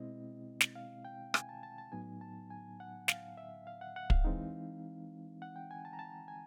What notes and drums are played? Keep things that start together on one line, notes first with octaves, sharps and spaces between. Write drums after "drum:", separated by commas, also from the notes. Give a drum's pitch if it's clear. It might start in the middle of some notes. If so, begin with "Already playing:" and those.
Already playing: B2 G#3 C4 E4 D#5
drum: snare
F5
G5
G#5, drum: rim click
A5
A5
A5
A2 F#3 B3 D#4 G#5
A5
G#5
F#5
F5, drum: snare
E5
F5
F#5
F#5
F5, drum: kick
E3 G#3 C4 D#4
F#5
G5
G#5
A5
A#5
A5
G#5